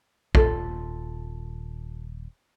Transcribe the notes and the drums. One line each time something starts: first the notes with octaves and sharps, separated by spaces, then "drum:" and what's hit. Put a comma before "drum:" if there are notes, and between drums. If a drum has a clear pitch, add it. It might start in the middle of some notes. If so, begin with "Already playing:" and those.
D#1 F4 A4, drum: kick A#1